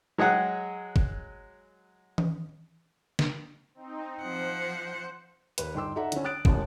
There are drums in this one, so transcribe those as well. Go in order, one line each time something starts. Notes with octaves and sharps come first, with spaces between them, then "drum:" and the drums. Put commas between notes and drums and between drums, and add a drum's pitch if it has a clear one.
F#3 G#3 G#4 F#5
drum: kick
drum: tom E3
drum: snare
C4 D#4
F3 C5 F#5
D#2 B4, drum: hi-hat
G1 D#4 G5 C6 D6 E6
D#4 A4 D5 E5 F#5 A#5
D3 C#4, drum: hi-hat
D#6 F#6 A6 D7
E1 A1 D#2 C#4 A5, drum: kick